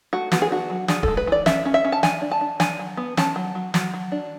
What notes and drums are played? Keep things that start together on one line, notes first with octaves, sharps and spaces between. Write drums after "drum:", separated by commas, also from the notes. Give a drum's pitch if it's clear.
A3 F#4
B3 F#4, drum: snare
G#4
D4 F#4
F#3
D4 G#4, drum: snare
A4, drum: kick D1
G#3
B4
E3 D5
C#4 E5, drum: snare
C#4
E5
C#4
A5
D4 G#5, drum: snare
D4
A5
D4
D4 G#5, drum: snare
F#3
B3
C#4 A5, drum: snare
F#3
F#3
F#3, drum: snare
F#3
D4